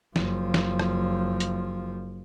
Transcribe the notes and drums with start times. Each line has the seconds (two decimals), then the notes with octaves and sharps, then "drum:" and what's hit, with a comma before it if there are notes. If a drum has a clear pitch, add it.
0.16 F#1 F3, drum: snare
0.54 drum: snare
0.79 drum: rim click
1.40 drum: hi-hat